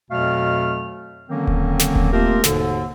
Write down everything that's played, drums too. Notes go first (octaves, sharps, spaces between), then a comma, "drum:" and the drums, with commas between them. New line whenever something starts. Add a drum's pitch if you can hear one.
F2 B2 F#3 A3 F5 F6
D3 D#3 F#3 A#3 C4 C#4
drum: kick D#1
drum: snare
drum: kick D#1
A3 A#3 C4 F4 G4 A#4
D#2 G#2 B2 D3, drum: snare